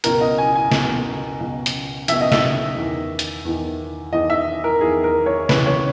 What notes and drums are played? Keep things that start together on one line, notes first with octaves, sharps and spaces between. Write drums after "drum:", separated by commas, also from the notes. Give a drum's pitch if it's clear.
C#2 B2 A#4, drum: hi-hat
D#5
G#5
G#5
C#2 B2, drum: snare
C#2 B2
drum: hi-hat
C#2 B2 E5, drum: hi-hat
D#5
E5, drum: snare
E2 D#3
drum: hi-hat
E2 D#3
E2 D#3 D#5
E5
A#4
E2 D#3 G#4
A#4
C#5
C#2 C#3 E3 B4, drum: snare
C#5